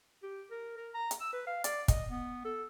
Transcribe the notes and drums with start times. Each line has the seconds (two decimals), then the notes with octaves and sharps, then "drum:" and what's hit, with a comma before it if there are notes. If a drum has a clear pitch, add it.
0.23 G4
0.51 A#4
0.77 A#4
0.94 A#5
1.11 drum: hi-hat
1.21 E6
1.33 B4
1.47 F5
1.64 D5, drum: hi-hat
1.88 D#5, drum: kick, hi-hat
2.11 B3
2.45 A4